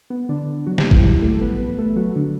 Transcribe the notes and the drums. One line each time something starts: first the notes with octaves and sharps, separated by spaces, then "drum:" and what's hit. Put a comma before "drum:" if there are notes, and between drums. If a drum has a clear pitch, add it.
B3
D3 D4
F#3 F#4
G3 G4, drum: snare
E3 E4, drum: kick
F#3 F#4
A3 A4
B3 B4
A3 A4
F#3 F#4
D3 D4